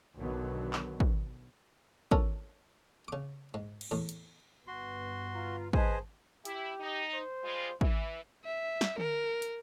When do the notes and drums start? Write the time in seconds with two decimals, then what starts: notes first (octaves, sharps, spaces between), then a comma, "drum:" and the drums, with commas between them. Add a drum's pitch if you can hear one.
0.17 B1 B2 D3 D#3 F#3 B3
0.73 drum: clap
1.00 drum: kick
2.12 C#4 D4 F4 A4 A#4, drum: kick
3.08 C#3 D6
3.54 G#2
3.81 drum: cymbal
3.91 E2 A2
4.09 drum: hi-hat
4.67 G1 G2 B3 F#4 C6
5.32 F4 A#5
5.73 G#4 B4 C5 D#5 G#5 A5, drum: kick
6.45 E4 G4, drum: hi-hat
6.80 D#4
7.14 C5
7.44 G3 G#3 F4
7.81 E3 E5, drum: kick
8.44 E5
8.81 drum: snare
8.98 A#4, drum: tom D3
9.42 drum: hi-hat